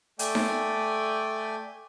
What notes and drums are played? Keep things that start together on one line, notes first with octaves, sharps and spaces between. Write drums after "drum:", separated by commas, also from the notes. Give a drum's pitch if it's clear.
A3 D5 G5 G#5, drum: hi-hat
drum: snare D#4